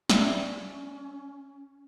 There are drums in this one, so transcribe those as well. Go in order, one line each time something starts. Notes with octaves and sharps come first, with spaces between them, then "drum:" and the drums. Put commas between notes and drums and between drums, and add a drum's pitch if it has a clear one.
C#4 D5 E5, drum: snare